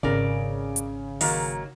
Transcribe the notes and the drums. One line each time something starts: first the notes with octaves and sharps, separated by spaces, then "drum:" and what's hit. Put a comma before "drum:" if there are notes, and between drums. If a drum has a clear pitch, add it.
G#1 C#3 A#4 D5
drum: hi-hat
D#3 F#3 A#3, drum: open hi-hat